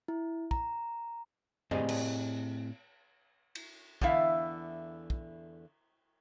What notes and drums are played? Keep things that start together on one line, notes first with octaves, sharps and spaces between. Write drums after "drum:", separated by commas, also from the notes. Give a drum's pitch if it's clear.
E4
A#5, drum: kick
A2 C4 G4 G#4 D5 D#5, drum: tom F2
drum: cymbal
drum: cymbal
E2 D3 E4 E5 F5, drum: kick
drum: kick